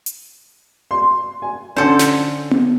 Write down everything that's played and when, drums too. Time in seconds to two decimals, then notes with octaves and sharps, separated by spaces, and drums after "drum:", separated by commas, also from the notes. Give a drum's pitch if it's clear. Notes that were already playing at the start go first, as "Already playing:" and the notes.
0.06 drum: hi-hat
0.91 C6
1.42 G#5
1.76 D3 C#4 A4 C5 C#7
1.99 drum: snare
2.51 drum: tom B3